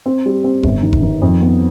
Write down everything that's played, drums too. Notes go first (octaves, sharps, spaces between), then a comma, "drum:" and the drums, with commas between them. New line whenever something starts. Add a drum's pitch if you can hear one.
C4
G3
C4
G1, drum: kick F1
D#3
drum: kick F1
D#3
F2
B3